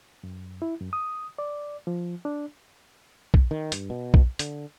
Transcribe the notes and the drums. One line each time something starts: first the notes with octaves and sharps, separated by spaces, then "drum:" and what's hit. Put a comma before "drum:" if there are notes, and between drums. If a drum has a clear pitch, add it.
F#2
E4
F#2
D#6
D5
F3
D4
drum: kick B1
D#3
G2, drum: hi-hat
B2
drum: kick B1
D3, drum: hi-hat